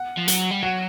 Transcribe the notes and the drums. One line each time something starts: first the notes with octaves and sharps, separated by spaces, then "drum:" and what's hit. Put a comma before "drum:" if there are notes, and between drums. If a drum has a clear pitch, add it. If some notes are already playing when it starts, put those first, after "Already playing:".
Already playing: F#5
F3
F#3, drum: hi-hat
G3
F#3 F#5